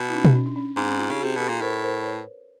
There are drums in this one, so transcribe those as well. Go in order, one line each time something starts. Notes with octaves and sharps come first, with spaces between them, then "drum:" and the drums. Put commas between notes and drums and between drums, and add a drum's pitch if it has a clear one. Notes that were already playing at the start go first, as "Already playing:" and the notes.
Already playing: B2
E4
C#4 D#4
drum: tom B2
C#4
D4
C#4
G#2 C4 D4
C#4 D#4
D#4 F4
C#3 G4
C3 F#4 G#4
B2 G4 A4
A#2
A2 A#4 C5
A#4 C5
B4 C#5